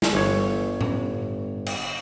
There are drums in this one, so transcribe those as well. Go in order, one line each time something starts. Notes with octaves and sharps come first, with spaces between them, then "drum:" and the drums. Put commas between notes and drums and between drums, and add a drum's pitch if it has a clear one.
drum: snare
G1 C#5
drum: tom A2
drum: cymbal